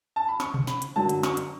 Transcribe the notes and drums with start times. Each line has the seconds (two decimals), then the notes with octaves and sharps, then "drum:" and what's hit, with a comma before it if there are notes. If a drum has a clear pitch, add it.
0.16 A5
0.29 B5
0.40 C#6, drum: snare
0.54 drum: tom B2
0.67 B5, drum: snare
0.82 drum: hi-hat
0.96 F#2 D3 F#3 A5
1.09 drum: hi-hat
1.23 C#6, drum: snare
1.37 drum: hi-hat